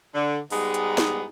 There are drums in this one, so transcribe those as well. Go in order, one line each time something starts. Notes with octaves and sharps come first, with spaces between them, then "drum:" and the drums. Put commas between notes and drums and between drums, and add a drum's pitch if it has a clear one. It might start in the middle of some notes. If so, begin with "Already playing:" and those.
D3
G#2 G3 G#3 B3 D#4 G#4, drum: open hi-hat
drum: hi-hat
drum: snare D#4